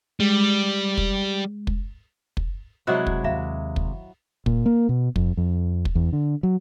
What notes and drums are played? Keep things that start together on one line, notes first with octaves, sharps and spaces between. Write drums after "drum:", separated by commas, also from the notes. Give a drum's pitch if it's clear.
G3 G#3
drum: kick
drum: kick
drum: kick
C3 F#3 G#3 E4 F#4 C5 D#5 F#5
drum: kick
D#2 E5 F5 A#5
drum: kick
A#2, drum: kick
A#3
B2
F2, drum: kick
F2
drum: kick
E2
D3
F#3